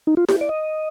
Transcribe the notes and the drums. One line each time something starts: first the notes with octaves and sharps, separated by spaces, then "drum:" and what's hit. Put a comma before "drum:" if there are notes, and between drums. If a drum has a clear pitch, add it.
D#4
F4
G4, drum: snare E4
D5
D#5